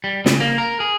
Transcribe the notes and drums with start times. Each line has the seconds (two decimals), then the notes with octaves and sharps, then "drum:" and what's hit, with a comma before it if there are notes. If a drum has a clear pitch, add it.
0.04 G3
0.26 C#3, drum: snare
0.40 A#3
0.58 A#4
0.80 G#4